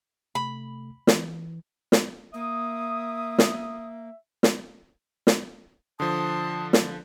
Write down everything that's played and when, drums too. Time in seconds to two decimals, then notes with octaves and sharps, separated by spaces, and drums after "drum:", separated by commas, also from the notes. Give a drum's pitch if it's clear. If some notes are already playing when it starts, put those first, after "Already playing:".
0.35 C3 A3 B5
1.07 E3, drum: snare
1.92 drum: snare
2.34 A#3 E5 D#6
3.38 drum: snare
4.43 drum: snare
5.27 drum: snare
6.00 D3 F3 A5 C6 D#6
6.73 drum: snare